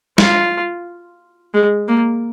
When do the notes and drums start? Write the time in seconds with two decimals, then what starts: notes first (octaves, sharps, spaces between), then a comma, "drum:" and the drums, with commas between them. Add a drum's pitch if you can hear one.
0.18 F4, drum: snare
1.54 G#3
1.88 A#3